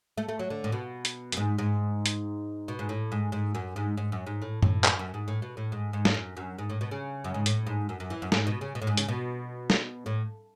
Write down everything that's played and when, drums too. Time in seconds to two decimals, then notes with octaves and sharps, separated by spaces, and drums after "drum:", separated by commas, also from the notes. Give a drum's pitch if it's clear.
0.18 A3
0.29 A3
0.39 F#3
0.50 D3
0.64 A2
0.72 B2
1.05 drum: hi-hat
1.32 F#2, drum: hi-hat
1.37 G#2
1.58 G#2
2.06 drum: hi-hat
2.68 B2
2.79 G#2
2.89 A2
3.12 G#2
3.32 G#2
3.55 F#2
3.76 G#2
3.97 G#2
4.12 F#2
4.27 G#2
4.42 A2
4.62 A2, drum: tom F#2
4.84 F#2, drum: clap
4.99 F#2
5.14 G#2
5.28 A2
5.42 B2
5.57 A2
5.72 G#2
5.93 G#2
6.05 drum: snare
6.15 F#2
6.37 F#2
6.58 G#2
6.70 A2
6.81 B2
6.91 C#3
7.24 F#2
7.34 G#2
7.46 A2, drum: hi-hat
7.67 G#2
7.89 F#2
8.00 F#2
8.10 E3
8.22 F#2
8.32 G#2, drum: snare
8.47 B2
8.61 C#3
8.75 B2
8.82 A2
8.87 G#2
8.97 C#3, drum: hi-hat
9.09 B2
9.70 drum: snare
10.06 A2